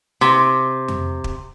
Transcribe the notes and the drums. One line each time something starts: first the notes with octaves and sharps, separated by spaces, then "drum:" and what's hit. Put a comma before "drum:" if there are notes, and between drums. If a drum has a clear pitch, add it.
C3, drum: snare
drum: tom F2
drum: kick